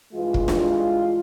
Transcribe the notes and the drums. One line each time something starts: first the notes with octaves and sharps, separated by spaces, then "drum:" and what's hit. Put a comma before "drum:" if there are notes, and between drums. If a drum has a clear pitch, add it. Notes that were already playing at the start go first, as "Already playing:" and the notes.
G2 E3 G#3 F4
drum: kick
drum: snare